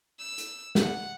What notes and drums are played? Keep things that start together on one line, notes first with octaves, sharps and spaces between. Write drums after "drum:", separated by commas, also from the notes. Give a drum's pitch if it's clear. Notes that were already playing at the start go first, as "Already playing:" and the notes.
E6
drum: hi-hat
F#5, drum: snare